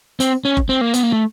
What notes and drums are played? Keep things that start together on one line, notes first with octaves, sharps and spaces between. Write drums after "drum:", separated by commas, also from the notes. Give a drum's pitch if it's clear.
C4, drum: hi-hat
C#4
drum: kick F#1
C4
A#3
B3, drum: hi-hat
A#3
A3